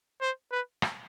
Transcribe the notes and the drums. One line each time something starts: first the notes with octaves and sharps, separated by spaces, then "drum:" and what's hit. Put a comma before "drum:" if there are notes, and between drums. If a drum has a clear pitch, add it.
C5
B4
drum: rim click